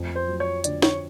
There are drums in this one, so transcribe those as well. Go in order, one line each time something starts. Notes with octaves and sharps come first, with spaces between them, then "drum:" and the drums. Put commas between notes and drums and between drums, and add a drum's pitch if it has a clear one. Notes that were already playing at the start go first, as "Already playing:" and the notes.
Already playing: F2
C5
F#3
C#5
D3 D5, drum: hi-hat
C#5, drum: snare